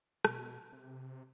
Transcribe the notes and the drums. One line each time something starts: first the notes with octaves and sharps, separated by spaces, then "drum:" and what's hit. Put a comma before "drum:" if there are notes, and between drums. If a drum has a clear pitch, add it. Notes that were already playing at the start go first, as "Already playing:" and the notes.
B2, drum: rim click
C3